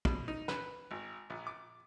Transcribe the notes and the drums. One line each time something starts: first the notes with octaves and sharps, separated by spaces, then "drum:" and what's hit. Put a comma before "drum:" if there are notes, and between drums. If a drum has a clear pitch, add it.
B2, drum: kick
D#4
B4, drum: snare
G#1
A#1
D6